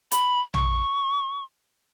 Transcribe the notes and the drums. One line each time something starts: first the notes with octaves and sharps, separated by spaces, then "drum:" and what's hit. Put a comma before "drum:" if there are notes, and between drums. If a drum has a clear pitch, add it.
B5, drum: hi-hat
C#6, drum: tom A#1